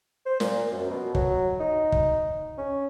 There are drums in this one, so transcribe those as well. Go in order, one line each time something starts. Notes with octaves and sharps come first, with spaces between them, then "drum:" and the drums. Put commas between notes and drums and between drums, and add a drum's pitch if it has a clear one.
C5
A#2, drum: snare
F#2
B2
F#3, drum: kick
D#4
drum: kick
C#4